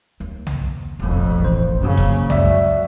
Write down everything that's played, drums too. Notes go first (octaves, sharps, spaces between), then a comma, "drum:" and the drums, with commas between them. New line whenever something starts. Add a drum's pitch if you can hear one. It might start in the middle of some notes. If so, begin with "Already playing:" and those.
D#2
drum: tom B1
E1 A#1 F2 A2
A1 C5
F#2 A#2 C#3
drum: kick E1
C#2 F#2 D5 E5, drum: tom B1